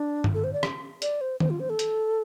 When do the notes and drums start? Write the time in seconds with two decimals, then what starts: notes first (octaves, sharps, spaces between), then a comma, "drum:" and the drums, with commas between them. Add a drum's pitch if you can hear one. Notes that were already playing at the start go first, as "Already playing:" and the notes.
Already playing: D4
0.24 drum: tom G2
0.34 A4
0.44 C5
0.53 D5
0.63 drum: rim click
1.02 D5, drum: hi-hat
1.21 C5
1.40 C5, drum: tom D#3
1.50 F4
1.60 C5
1.70 A4
1.79 drum: hi-hat